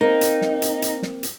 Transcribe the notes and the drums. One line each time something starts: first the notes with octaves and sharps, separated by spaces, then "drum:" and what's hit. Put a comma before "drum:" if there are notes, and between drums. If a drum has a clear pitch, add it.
A#3 C4 D#4
drum: hi-hat
drum: snare
drum: hi-hat
drum: hi-hat
drum: snare
drum: hi-hat